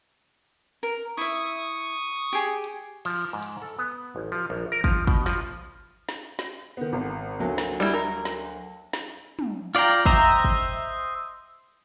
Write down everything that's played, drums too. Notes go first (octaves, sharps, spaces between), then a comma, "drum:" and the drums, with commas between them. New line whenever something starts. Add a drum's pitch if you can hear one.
A#4
E4 E5 C#6 D#6
G4 G#4
drum: hi-hat
F3, drum: cymbal
G#2
drum: hi-hat
A4
B3
A1
F3
A#1
A#4
F3, drum: kick
B2, drum: kick
F3, drum: snare
drum: snare
drum: snare
D#3 B3
G#1
D2 F#3 A#3
drum: snare
G3 E4
A#4
drum: snare
drum: snare
drum: tom
F4 D5 F5 G5 A#5
C5 D#5 E5 G5 A#5, drum: kick
drum: kick